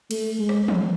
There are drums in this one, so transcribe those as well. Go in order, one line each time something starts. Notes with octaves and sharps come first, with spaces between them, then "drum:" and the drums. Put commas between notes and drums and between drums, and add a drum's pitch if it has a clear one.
A3, drum: cymbal
G#3
drum: rim click
drum: tom E3